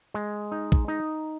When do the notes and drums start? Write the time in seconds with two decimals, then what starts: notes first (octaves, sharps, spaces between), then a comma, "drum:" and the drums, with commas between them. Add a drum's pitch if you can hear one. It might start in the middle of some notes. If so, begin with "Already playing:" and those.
0.14 G#3
0.52 D#4
0.72 drum: kick A#1
0.88 D#4